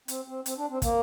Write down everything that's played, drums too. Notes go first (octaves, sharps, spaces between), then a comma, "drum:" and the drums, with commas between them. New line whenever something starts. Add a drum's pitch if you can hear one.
C4, drum: hi-hat
C4
C4, drum: hi-hat
D4
C4
A#3, drum: kick, hi-hat